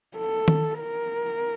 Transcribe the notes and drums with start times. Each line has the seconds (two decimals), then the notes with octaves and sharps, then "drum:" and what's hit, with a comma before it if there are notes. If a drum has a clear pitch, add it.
0.16 A4
0.48 drum: tom D#3
0.79 A#4